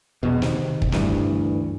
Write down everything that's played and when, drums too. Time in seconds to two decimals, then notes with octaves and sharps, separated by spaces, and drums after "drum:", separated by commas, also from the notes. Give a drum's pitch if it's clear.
0.23 E2 B2
0.42 C3 D#3, drum: snare
0.82 drum: kick
0.92 D2 G2 E3, drum: snare